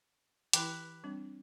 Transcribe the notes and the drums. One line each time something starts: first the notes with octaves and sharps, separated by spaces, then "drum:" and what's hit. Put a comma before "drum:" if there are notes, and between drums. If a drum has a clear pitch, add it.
E3 E4 G4 B4, drum: hi-hat
G3 C4 D4